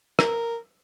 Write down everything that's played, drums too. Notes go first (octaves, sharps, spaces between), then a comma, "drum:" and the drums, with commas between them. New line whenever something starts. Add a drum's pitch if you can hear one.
A#4, drum: rim click